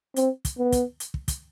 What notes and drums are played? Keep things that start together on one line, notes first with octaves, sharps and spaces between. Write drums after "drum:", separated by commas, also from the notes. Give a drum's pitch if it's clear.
C4, drum: hi-hat
drum: kick, hi-hat
B3
drum: kick, hi-hat
drum: hi-hat
drum: kick
drum: kick, hi-hat